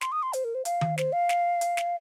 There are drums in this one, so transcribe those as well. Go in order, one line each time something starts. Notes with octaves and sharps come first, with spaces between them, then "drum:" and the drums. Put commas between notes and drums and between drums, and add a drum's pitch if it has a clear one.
C6, drum: snare
D#6
C6
C5, drum: hi-hat
A#4
C5
F5, drum: hi-hat
drum: tom D#3
C5, drum: snare
F5
drum: snare
drum: hi-hat
drum: snare